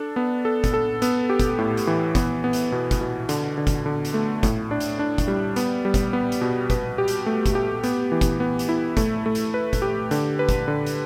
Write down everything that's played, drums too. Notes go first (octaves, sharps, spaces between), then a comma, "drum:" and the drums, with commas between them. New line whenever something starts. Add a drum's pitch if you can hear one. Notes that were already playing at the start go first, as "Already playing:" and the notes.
Already playing: D4 A4
B3
A4
drum: kick, hi-hat
A4
B3, drum: hi-hat
G4
drum: kick, hi-hat
A2
drum: hi-hat
E3
B3, drum: kick, hi-hat
B3
drum: hi-hat
B2
drum: kick, hi-hat
B2
D3, drum: hi-hat
D3
drum: kick, hi-hat
D3
drum: hi-hat
A3
A2, drum: kick, hi-hat
D4
drum: hi-hat
D4
drum: kick, hi-hat
G3
B3, drum: hi-hat
G3
drum: kick, hi-hat
B3
drum: hi-hat
B2
B4, drum: kick, hi-hat
G4
drum: hi-hat
A3
drum: kick, hi-hat
G4
B3, drum: hi-hat
E3
drum: kick, hi-hat
B3
drum: hi-hat
E4
A3, drum: kick, hi-hat
A3
drum: hi-hat
B4
drum: kick, hi-hat
G4
D3, drum: hi-hat
B4
drum: kick, hi-hat
D3
drum: hi-hat